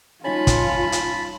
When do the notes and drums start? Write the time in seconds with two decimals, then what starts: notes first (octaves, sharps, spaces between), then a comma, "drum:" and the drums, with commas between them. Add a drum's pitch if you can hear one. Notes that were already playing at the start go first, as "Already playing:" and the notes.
0.24 G3 C#4 D#4 F4 C#5 A5 B5
0.47 drum: kick, hi-hat
0.92 drum: hi-hat